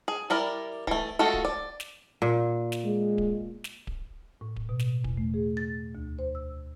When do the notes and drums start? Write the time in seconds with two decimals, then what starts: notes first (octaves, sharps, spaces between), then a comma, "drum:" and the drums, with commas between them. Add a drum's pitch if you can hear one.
0.08 G#4
0.30 G3 E4 A#4 D5
0.87 E3 A3, drum: kick D1
1.19 G#3 A3 F4 F#4 A4
1.34 drum: kick D1
1.45 D5
1.80 drum: snare
2.22 A#2
2.72 drum: snare
2.84 G#3
3.18 drum: kick D1
3.64 drum: snare
3.87 drum: kick D1
4.41 A2
4.56 drum: kick D1
4.69 B2
4.79 drum: snare
5.04 E2, drum: kick D1
5.17 A3
5.34 G#4
5.57 A6
5.95 D2
6.19 C5
6.35 E6